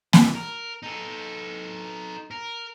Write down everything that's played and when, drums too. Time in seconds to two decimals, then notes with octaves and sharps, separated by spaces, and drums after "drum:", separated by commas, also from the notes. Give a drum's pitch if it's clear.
0.13 E3, drum: snare A#3
0.34 A#4
0.83 D#4 A4
2.31 A#4